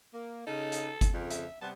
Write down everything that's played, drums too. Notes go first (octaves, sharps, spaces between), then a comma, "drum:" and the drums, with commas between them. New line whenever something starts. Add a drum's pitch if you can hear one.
A#3
C#3 D#4 A4
drum: hi-hat
drum: kick G1, hi-hat
F2 C#3
E5, drum: hi-hat
C3 G3 B3 A5